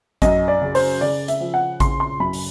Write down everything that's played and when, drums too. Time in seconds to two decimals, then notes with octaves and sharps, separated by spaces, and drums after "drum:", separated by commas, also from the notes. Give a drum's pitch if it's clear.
0.22 F#2 D#5, drum: kick A1, hi-hat
0.48 D5
0.62 C#3
0.75 C5, drum: open hi-hat
1.01 C#3 D5
1.28 E5, drum: hi-hat
1.40 F3
1.54 F#5
1.80 C#3 C6, drum: kick A1, hi-hat
2.00 C6
2.20 F#2 B5
2.33 drum: open hi-hat